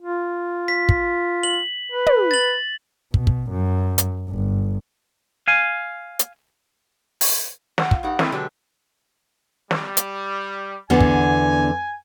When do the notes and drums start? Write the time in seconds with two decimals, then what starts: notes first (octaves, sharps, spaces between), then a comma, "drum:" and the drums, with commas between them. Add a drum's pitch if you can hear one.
0.02 F4
0.68 B6
0.89 drum: kick
1.43 F#7
1.92 B4
2.06 drum: tom
2.31 A6 F#7
3.14 B2, drum: kick
3.27 drum: kick
3.50 F#2
3.98 drum: hi-hat
4.30 G1
5.48 F5 G#5
6.19 drum: hi-hat
7.21 drum: open hi-hat
7.78 F#5, drum: snare
7.91 F4, drum: kick
8.03 G2 D#4 G4 F#5
8.19 A3 A#3 C4 E4 A4 D#5, drum: snare
8.32 B2 D3 F#3 G#3 D4 G4
9.71 G3, drum: snare
9.97 drum: hi-hat
10.90 E2 D3 B3 G#5
11.00 drum: kick